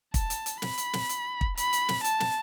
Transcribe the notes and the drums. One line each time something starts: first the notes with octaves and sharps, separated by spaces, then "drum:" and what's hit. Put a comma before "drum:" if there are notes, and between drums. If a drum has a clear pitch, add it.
A5, drum: kick, hi-hat
drum: hi-hat
drum: hi-hat
B5, drum: snare
drum: hi-hat
drum: snare
drum: hi-hat
drum: kick
B5, drum: hi-hat
drum: hi-hat
drum: snare
A5, drum: hi-hat
drum: snare